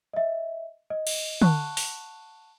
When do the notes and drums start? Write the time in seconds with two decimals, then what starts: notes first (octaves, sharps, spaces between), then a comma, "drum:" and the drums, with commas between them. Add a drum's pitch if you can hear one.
0.13 D#5 E5
0.90 D#5
1.07 drum: cymbal
1.42 F#5 A5 C#6 F#6, drum: tom
1.77 drum: open hi-hat